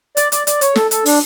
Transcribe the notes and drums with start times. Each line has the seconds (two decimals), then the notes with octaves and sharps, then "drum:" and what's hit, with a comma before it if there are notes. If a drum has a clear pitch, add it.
0.17 D5, drum: hi-hat
0.32 D5, drum: hi-hat
0.47 D5, drum: hi-hat
0.61 C#5, drum: hi-hat
0.76 A4, drum: snare
0.91 A4, drum: hi-hat
1.06 D4, drum: open hi-hat